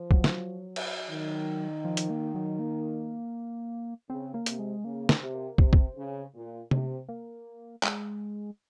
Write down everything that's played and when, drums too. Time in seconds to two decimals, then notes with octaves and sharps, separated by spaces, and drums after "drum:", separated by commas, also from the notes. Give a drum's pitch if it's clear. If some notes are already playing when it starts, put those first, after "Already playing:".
Already playing: F3
0.11 F#3, drum: kick
0.24 drum: snare
0.76 drum: cymbal
1.10 D#3
1.85 F3
1.97 drum: hi-hat
2.10 A#3
2.35 F#3
2.59 A#3
4.09 C#3 C4
4.34 A#3
4.46 C3, drum: hi-hat
4.59 G#3
4.84 C#3 A#3
5.09 C4, drum: snare
5.21 C3
5.34 A#3
5.58 C3 C4, drum: kick
5.73 drum: kick
5.96 C#3
6.34 A#2
6.71 C3, drum: tom C3
7.09 A#3
7.83 G#3, drum: clap